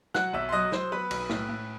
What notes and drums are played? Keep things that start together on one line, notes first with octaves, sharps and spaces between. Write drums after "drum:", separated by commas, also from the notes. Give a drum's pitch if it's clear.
F#3 F#5 F#6, drum: snare
B1 E5 E6
C6
F#3 D#5 D#6
F#3 C5 C6, drum: snare
B3 B4 B5
B1, drum: cymbal
A2, drum: snare
A2